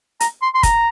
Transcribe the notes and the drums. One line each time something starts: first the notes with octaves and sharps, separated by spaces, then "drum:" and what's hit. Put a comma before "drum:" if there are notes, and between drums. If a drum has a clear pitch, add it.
A#5, drum: hi-hat
C6
C6
A#5, drum: kick, hi-hat